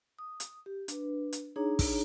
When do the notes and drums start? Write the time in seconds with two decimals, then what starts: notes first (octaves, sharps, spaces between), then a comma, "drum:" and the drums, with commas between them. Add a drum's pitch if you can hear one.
0.19 D#6
0.40 drum: hi-hat
0.66 G4
0.88 D4 B4, drum: hi-hat
1.33 drum: hi-hat
1.56 D4 D#4 G#4 C#5 A#5
1.79 drum: kick, open hi-hat